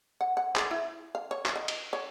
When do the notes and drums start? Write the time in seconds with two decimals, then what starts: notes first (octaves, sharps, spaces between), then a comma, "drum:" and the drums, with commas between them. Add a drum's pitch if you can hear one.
0.21 F#5
0.37 F#5
0.56 G#4, drum: clap
0.71 E4
1.15 F5
1.31 C#5
1.46 drum: clap
1.56 D#5
1.68 drum: cymbal
1.93 C#5